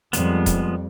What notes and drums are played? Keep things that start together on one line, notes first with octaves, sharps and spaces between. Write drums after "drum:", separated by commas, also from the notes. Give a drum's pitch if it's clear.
F2 F3 G3 G#3 B3, drum: hi-hat
drum: kick D#1, hi-hat